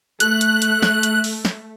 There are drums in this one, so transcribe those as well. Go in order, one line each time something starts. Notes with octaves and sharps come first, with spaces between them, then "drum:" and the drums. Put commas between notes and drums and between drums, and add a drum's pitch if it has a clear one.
A3 F#6, drum: hi-hat
drum: hi-hat
drum: hi-hat
drum: snare
drum: hi-hat
drum: open hi-hat
drum: snare